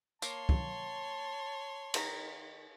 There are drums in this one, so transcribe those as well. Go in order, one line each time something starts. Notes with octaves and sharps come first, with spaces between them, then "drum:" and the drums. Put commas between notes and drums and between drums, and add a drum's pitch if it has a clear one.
A#3 C#5 A5 C6, drum: tambourine
drum: kick
D#3 A#5, drum: cymbal